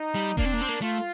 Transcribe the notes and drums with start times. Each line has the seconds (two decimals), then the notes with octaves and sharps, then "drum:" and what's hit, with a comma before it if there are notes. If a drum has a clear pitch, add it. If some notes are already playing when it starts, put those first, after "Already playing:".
Already playing: D#4
0.14 G3
0.37 A#3 D4, drum: kick E1
0.45 C4
0.53 A#3
0.61 C4
0.69 A#3
0.81 A3 F4